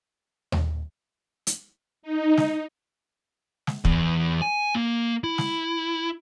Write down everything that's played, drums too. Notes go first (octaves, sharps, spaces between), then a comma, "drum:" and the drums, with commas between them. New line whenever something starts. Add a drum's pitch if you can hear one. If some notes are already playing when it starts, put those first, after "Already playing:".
drum: tom D#2
drum: hi-hat
D#4
drum: snare
drum: snare
E2, drum: kick
G#5
A#3
E4
drum: snare